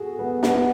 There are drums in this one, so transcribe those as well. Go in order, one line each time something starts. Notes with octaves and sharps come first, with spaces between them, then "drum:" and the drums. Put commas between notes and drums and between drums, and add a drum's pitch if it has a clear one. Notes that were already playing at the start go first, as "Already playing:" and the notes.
Already playing: F#4 G#4 A4
B3
B3, drum: snare